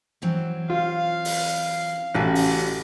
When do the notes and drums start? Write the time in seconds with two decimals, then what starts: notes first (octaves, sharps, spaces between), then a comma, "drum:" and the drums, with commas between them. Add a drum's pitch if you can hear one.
0.22 E3 F#3 C4
0.70 F4 F5
1.25 drum: open hi-hat
2.14 A1 C#3 F#4 G4
2.35 drum: open hi-hat